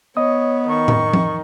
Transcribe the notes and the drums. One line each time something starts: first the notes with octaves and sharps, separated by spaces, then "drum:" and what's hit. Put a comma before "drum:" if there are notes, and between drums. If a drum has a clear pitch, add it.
B3 C#5 D#5 D#6
D#3 C#6
drum: tom A2
drum: tom F3